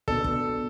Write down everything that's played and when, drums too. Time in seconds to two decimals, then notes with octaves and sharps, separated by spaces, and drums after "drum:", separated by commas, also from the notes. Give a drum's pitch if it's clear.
0.08 B2 B3 D4 A4, drum: kick
0.24 drum: kick